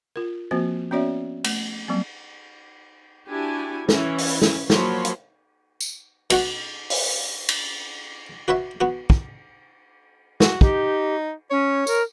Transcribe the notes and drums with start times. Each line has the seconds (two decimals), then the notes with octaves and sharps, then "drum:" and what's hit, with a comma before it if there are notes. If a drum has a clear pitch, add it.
0.16 F4 A#4
0.51 F3 A#3 C4 F#4 C5
0.91 B3 C#4 F#4 C#5 D5 E5
1.44 A3, drum: cymbal
1.88 F#3 G3 A#3 C4
3.28 D4 E4 F#4 G4 G#5
3.89 E3 C#4 E4, drum: snare
4.18 drum: open hi-hat
4.42 drum: snare
4.70 F3 F#3 A#3 C#5 B5 C6, drum: snare
5.05 drum: hi-hat
5.81 drum: tambourine
6.30 B2 F#4 F#5, drum: cymbal
6.90 drum: open hi-hat
7.49 drum: cymbal
8.48 F#4 B4 C#5 E5
8.81 B3 F#4
9.10 drum: kick
10.40 F#4, drum: snare
10.61 D#4 G4, drum: kick
11.51 C#4 C#5
11.87 A#4, drum: tambourine